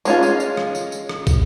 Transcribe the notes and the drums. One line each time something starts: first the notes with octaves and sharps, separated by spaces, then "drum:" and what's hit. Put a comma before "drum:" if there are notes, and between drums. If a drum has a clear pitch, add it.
G#3 C#4 F4, drum: tambourine
drum: tambourine
drum: tambourine
drum: rim click
drum: tambourine
drum: tambourine
drum: rim click
drum: kick, tambourine